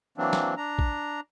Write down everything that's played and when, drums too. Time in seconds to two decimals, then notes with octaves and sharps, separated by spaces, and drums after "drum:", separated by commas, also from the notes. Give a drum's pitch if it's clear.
0.18 E3 F#3 A#3 C4 D4
0.33 drum: snare
0.57 D4 A#5
0.79 drum: kick A1